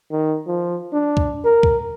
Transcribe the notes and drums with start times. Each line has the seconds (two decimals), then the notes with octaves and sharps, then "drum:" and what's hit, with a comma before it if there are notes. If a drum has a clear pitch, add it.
0.11 D#3
0.47 F3
0.93 D4
1.17 drum: kick
1.45 A#4
1.63 drum: kick